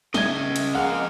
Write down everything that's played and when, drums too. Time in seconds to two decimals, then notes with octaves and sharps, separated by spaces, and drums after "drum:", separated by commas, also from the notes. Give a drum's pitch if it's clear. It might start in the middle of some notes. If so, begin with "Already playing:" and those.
0.14 C#3 D#5 E5 G#6 D#7 G7, drum: snare
0.56 drum: hi-hat
0.75 F2 G#3 A#3 F5 F#5